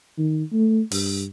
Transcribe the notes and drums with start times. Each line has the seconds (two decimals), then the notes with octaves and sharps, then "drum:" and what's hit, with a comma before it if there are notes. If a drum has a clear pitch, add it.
0.18 D#3
0.52 A3
0.91 G2, drum: open hi-hat